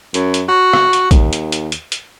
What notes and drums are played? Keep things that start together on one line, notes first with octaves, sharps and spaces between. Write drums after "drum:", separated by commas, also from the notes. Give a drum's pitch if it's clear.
F#2, drum: hi-hat
drum: hi-hat
F#4
drum: rim click
drum: hi-hat
D#2, drum: kick, hi-hat
drum: hi-hat
drum: hi-hat
drum: hi-hat
drum: hi-hat